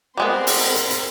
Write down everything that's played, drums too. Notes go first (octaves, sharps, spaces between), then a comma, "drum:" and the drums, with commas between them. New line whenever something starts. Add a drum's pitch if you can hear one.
G3 G#3 B3 C4 A#4 C6
drum: open hi-hat
drum: hi-hat
drum: hi-hat